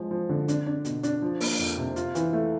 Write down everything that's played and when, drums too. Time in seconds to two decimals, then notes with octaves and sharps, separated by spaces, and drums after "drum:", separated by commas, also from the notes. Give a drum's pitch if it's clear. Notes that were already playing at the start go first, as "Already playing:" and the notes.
Already playing: F3 G#3
0.11 F3
0.29 D3
0.48 D4, drum: hi-hat
0.67 D4
0.85 B2, drum: hi-hat
1.03 D4, drum: hi-hat
1.22 F3
1.40 A#3, drum: open hi-hat
1.59 F2, drum: hi-hat
1.78 C3
1.96 F4, drum: hi-hat
2.15 E3, drum: hi-hat
2.33 A3